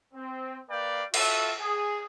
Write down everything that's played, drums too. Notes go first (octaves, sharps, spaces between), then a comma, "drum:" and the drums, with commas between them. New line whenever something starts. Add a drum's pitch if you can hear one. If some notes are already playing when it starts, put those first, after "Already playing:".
C4
A#3 B4 D5 F5 G5
F4 F#4 A4 E5, drum: cymbal
G#4